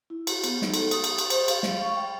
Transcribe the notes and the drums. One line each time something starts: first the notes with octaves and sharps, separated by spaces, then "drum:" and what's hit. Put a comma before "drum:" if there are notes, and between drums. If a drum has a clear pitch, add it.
E4
F#4, drum: cymbal
B3, drum: cymbal
D#4, drum: snare
A4, drum: cymbal
D#6, drum: cymbal
drum: cymbal
G4, drum: cymbal
C5, drum: cymbal
F5, drum: cymbal
drum: snare
C#6
G5